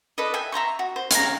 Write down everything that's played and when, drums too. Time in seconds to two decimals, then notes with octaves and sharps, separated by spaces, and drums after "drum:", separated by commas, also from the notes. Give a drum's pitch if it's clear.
0.18 A4 B4 D5 D#5
0.34 E5 G5 G#5
0.52 E5 A#5 C6 C#6
0.79 F#4
0.96 C5
1.11 C#5 F5 A#5, drum: hi-hat